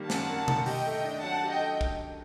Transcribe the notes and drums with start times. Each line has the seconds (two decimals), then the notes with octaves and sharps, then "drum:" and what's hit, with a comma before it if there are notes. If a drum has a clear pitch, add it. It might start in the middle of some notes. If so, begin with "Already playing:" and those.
Already playing: D#3 G3 A#3
0.10 F#2 F#5 A5, drum: snare
0.29 A#3
0.48 D#3, drum: tom B2
0.66 G4 D#5 G5, drum: open hi-hat
0.86 A3
1.04 D4
1.22 F#3 F#5 A5
1.42 G4
1.50 D#5 G5
1.59 A3
1.81 drum: kick